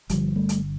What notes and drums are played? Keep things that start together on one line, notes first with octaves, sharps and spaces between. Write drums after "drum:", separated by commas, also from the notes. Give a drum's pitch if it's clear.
G1 G2 D3 F3 G3, drum: hi-hat
G3 A3
drum: hi-hat